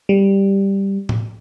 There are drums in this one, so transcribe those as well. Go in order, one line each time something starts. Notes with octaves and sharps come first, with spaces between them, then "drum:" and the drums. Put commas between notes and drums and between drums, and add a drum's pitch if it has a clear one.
G3
drum: tom A2